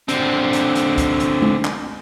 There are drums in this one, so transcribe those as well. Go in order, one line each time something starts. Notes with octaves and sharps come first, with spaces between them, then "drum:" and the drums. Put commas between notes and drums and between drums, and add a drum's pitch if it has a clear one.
D3 C4, drum: hi-hat
drum: hi-hat
drum: hi-hat
drum: kick C#2, hi-hat
drum: hi-hat
drum: tom G#3
drum: clap